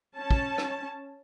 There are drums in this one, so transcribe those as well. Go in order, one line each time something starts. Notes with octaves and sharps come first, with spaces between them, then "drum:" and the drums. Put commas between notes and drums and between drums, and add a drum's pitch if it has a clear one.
C#4 A5
drum: kick
drum: rim click